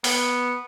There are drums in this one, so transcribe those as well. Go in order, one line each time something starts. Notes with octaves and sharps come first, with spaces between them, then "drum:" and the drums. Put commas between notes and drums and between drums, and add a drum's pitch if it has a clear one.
B3, drum: open hi-hat